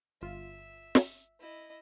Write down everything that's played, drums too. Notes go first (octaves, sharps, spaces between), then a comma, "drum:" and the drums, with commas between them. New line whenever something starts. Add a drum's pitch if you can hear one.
G1 F4 E5
drum: snare
E4 D#5